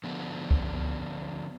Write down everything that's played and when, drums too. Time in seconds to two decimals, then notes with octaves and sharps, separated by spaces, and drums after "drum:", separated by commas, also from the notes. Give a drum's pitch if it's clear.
0.04 D3 F3 B3 D4
0.51 drum: kick